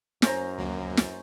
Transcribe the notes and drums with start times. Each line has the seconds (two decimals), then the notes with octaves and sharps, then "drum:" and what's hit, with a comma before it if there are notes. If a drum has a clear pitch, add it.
0.22 F#2 C#4 C5 A#5, drum: snare
0.58 D2 F#3 A#3
0.97 drum: snare